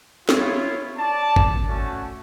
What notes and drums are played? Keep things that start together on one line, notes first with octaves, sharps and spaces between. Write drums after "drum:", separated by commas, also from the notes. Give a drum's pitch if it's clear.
E4 F4 C#5, drum: snare
D5 A5
drum: kick
A3 C#4 F#4